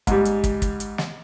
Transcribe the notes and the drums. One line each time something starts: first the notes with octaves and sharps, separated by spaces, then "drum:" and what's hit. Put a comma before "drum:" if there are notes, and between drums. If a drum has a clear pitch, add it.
G#2 G3, drum: kick, hi-hat
drum: hi-hat
drum: kick, hi-hat
drum: kick, hi-hat
drum: hi-hat
drum: snare